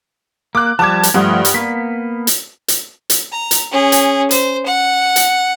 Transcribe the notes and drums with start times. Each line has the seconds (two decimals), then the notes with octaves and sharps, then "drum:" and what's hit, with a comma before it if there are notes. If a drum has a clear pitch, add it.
0.55 A#3 D6 F#6
0.79 F3 G3 A5 D6 G#6
1.03 drum: hi-hat
1.14 G2 F3 A3 F#5 D#6
1.45 drum: hi-hat
1.54 A#3 B3 B6
2.27 drum: hi-hat
2.68 drum: hi-hat
3.10 drum: hi-hat
3.32 A#5
3.51 drum: hi-hat
3.71 C#4 G#4
3.92 drum: hi-hat
4.31 C5, drum: hi-hat
4.66 F#5
5.16 drum: hi-hat